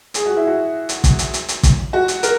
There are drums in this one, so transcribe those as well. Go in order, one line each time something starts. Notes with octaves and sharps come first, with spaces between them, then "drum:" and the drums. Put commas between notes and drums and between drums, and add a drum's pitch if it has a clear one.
G#4, drum: hi-hat
F#4
E4
F#4
drum: hi-hat
drum: kick, hi-hat
drum: hi-hat
drum: hi-hat
drum: hi-hat
drum: kick, hi-hat
F#4
drum: hi-hat
A#4, drum: hi-hat